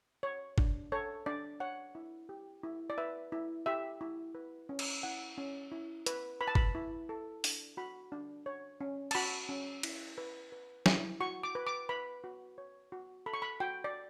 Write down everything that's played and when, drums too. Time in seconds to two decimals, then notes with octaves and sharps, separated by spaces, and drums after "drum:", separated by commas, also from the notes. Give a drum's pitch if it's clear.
0.23 C#5
0.58 D4, drum: kick
0.92 A4 C#5
1.26 D4 D5
1.60 C#5 F#5
1.95 E4
2.29 G4
2.63 E4
2.90 D5
2.98 B4 E5
3.32 E4
3.66 G4 E5
4.01 E4
4.35 B4
4.69 C#4
4.79 drum: cymbal
5.03 E4 F#5
5.38 C#4
5.72 E4
6.06 B4, drum: hi-hat
6.41 B4 B5
6.48 A5
6.55 B5, drum: kick
6.75 E4
7.09 A4
7.44 D4, drum: open hi-hat
7.77 F#4 B5
8.12 D4
8.46 C#5
8.81 C#4
9.11 A5, drum: cymbal
9.15 F#4 B5
9.49 C#4
9.83 E4, drum: cymbal
10.18 B4
10.52 B4
10.86 E4, drum: snare
11.20 F#4 C#6
11.43 D6
11.55 B4
11.67 D6
11.89 B4 B5
12.24 F#4
12.58 C#5
12.92 F#4
13.26 A4 B5
13.34 C#6
13.42 B5
13.60 F#4 G5
13.84 D5